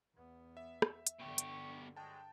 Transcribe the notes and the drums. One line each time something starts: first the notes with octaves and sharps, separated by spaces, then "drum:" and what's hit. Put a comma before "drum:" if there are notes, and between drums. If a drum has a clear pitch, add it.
E2 B3
E5
drum: rim click
drum: hi-hat
G2 B2 D3 G4 C#6
drum: hi-hat
F#3 G#3 G5 A5